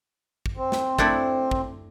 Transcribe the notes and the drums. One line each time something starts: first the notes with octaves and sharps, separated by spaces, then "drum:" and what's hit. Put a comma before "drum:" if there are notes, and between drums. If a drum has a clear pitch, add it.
drum: kick
C4
drum: snare
A3 D4 E4, drum: kick
drum: kick